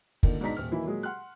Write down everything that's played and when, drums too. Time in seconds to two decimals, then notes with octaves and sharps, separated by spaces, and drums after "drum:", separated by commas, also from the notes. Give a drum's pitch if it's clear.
0.23 A#2 D3 D#3, drum: kick
0.41 G#2 B2 D4 D#4 A#5 B6
0.56 D#1 F6
0.72 D#3 E3 F#3 A#3 E4
0.85 A#2 F#3 G#3 G#4
1.03 F#5 C6 F6 F#6